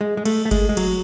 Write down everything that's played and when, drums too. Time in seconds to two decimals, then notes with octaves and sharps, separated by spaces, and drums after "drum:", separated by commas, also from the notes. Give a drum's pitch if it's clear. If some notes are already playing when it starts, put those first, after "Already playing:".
0.01 G#3
0.17 G#3
0.25 A3, drum: cymbal
0.45 A3
0.51 G#3, drum: kick G1, cymbal
0.69 G#3
0.77 F#3, drum: cymbal